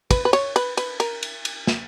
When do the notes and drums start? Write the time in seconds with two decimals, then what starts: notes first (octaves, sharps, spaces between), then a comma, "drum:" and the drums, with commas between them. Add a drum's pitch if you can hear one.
0.11 B4, drum: kick, cymbal
0.25 B4
0.33 C#5, drum: cymbal
0.56 B4, drum: cymbal
0.77 B4, drum: cymbal
1.00 A#4, drum: cymbal
1.23 drum: cymbal
1.45 drum: cymbal
1.67 drum: snare